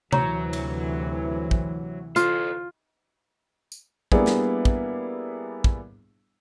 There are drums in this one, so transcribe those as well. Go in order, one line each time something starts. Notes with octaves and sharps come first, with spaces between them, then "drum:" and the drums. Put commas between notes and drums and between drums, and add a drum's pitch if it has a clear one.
D2 C3 E3 F#3 C#5 A#5 C#6, drum: tom C3
drum: cymbal
drum: kick
F4 A4 C5, drum: hi-hat
drum: tambourine
G3 A#3 B3 D4 E4 G#4, drum: kick
drum: snare
drum: kick
drum: kick